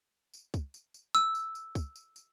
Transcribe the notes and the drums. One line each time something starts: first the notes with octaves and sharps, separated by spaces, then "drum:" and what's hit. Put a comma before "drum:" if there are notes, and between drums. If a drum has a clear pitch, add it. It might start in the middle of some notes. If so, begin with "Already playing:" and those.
drum: tambourine
drum: kick, tambourine
drum: tambourine
drum: tambourine
E6, drum: tambourine
drum: tambourine
drum: tambourine
drum: kick, tambourine
drum: tambourine
drum: tambourine